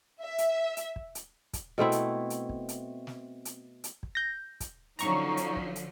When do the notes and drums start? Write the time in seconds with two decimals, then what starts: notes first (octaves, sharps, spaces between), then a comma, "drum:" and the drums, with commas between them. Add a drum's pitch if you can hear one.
0.21 E5
0.38 drum: hi-hat
0.77 drum: hi-hat
0.96 drum: kick
1.15 drum: hi-hat
1.53 drum: kick, hi-hat
1.78 B2 A3 C4 E4
1.92 drum: hi-hat
2.30 drum: hi-hat
2.49 drum: kick
2.69 drum: hi-hat
3.07 drum: snare
3.45 drum: hi-hat
3.84 drum: hi-hat
4.03 drum: kick
4.15 G6 A#6
4.60 drum: kick, hi-hat
4.99 D3 F3 F#3 C#4 D#4 A#5 C#6, drum: hi-hat
5.37 drum: hi-hat
5.56 drum: kick
5.76 drum: hi-hat